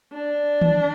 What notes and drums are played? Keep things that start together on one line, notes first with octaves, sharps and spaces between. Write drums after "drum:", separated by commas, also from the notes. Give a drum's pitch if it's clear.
D4
drum: tom D#3